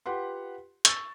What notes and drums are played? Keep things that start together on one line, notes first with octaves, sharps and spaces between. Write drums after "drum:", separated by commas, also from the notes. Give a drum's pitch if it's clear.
F4 G4 B4 F#5 C6
C#6 E6 A6, drum: hi-hat